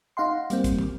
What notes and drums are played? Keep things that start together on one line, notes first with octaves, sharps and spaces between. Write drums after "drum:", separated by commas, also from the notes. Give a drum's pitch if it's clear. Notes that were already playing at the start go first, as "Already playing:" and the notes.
D#4 F5 F#5 C6
G3 A#3 C4, drum: hi-hat
drum: kick, hi-hat
drum: tom